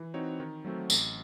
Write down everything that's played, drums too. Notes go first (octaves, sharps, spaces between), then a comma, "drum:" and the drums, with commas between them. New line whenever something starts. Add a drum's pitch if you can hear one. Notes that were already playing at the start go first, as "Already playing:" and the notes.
Already playing: E3
C4 D#4 F#4 C#5
D#3
F#3 A3 C4 F#4
A1, drum: tambourine